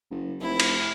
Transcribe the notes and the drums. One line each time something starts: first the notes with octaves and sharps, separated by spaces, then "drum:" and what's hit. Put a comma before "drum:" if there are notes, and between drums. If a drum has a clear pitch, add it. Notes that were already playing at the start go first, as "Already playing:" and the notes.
F#1
F1 E4
drum: cymbal